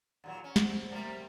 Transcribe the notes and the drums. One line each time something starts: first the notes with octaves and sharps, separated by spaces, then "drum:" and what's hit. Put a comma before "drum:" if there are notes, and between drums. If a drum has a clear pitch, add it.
D#2 A#2 F#3
C#4
drum: snare
C4
C3 G3 A#3